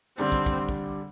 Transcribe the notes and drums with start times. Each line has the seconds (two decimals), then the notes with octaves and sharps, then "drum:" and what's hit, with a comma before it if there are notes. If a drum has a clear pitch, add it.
0.18 D3 G3 C4 D4, drum: hi-hat
0.32 drum: kick
0.46 drum: kick
0.69 drum: kick